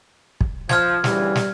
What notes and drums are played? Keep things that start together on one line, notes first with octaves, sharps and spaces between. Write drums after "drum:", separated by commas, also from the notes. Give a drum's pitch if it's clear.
drum: kick
F3 F6 G#6, drum: snare
D2 C#3 E3 G3, drum: snare
drum: snare